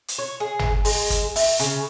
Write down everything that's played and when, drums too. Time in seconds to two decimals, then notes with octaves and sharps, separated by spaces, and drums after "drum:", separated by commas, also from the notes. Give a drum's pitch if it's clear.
0.08 drum: hi-hat
0.18 C#5
0.40 G#4
0.59 drum: tom
0.85 G#3, drum: open hi-hat
1.10 drum: kick, hi-hat
1.36 E5, drum: open hi-hat
1.60 C#3, drum: hi-hat